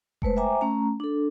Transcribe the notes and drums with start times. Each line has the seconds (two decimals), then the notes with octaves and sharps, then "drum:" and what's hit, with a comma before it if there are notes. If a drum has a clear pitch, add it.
0.22 G#3 A3 B4 C5, drum: kick F1
0.36 C5 E5 G5 G#5 A#5 D6
0.61 A3 C#4 A#5
1.00 D4 A4